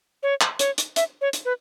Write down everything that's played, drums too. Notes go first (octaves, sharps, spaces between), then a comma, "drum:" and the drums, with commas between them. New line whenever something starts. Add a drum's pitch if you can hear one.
C#5
drum: clap
C#5, drum: hi-hat
drum: hi-hat
E5, drum: hi-hat
C#5
drum: hi-hat
B4